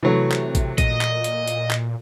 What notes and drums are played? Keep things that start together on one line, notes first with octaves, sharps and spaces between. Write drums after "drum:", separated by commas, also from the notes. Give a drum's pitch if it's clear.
C3 E3 F#3 A3
drum: clap
drum: kick A1, hi-hat
A#2 D#5, drum: kick A1, hi-hat
drum: clap
drum: hi-hat
drum: hi-hat
drum: clap